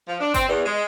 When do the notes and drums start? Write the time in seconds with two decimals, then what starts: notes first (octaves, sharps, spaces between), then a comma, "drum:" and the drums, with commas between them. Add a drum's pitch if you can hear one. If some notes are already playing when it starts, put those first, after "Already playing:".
0.08 F3
0.20 D4
0.34 C4, drum: kick G1, hi-hat
0.49 E2
0.66 G#3